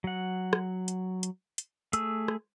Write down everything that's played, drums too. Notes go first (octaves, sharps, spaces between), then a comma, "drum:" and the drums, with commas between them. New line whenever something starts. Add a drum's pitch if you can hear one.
F#3 F#5
drum: rim click
drum: hi-hat
drum: hi-hat
drum: hi-hat
A3 G#4 E6, drum: hi-hat
drum: rim click